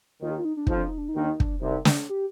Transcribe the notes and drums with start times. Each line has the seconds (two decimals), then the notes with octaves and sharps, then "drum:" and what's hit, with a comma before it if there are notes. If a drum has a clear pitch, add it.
0.22 D#2 D#3 F4
0.31 G4
0.38 F4
0.45 D#4
0.57 D4
0.67 F2 F3 D#4, drum: kick
0.77 D4
0.88 D#4
0.98 D4
1.09 D#4
1.15 D#2 D#3 D4
1.29 D#4
1.40 D4, drum: kick
1.61 C2 C3 D#4
1.85 drum: snare
2.09 G4